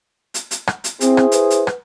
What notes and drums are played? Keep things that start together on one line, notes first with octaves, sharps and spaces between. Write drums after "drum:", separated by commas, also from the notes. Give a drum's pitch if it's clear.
drum: hi-hat
drum: hi-hat
drum: rim click
drum: hi-hat
C4 E4 G#4 C5, drum: hi-hat
drum: rim click
B4, drum: hi-hat
drum: hi-hat
drum: rim click